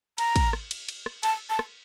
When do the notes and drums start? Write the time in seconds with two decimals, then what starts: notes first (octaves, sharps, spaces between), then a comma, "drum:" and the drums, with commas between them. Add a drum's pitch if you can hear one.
0.18 A#5, drum: cymbal
0.36 drum: kick, cymbal
0.53 drum: rim click
0.71 drum: cymbal
0.89 drum: cymbal
1.06 drum: rim click
1.23 A5, drum: cymbal
1.50 A5
1.59 drum: rim click